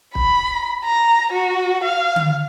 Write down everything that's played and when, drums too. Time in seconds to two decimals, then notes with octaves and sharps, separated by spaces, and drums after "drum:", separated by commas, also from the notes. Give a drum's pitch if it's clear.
0.15 B5, drum: kick
0.85 A#5
1.33 F#4
1.84 F5
2.16 drum: tom D3